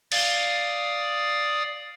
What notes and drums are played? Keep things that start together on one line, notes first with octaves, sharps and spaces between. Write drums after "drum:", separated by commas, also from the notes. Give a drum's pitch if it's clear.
D5 F5 D#6 A6, drum: cymbal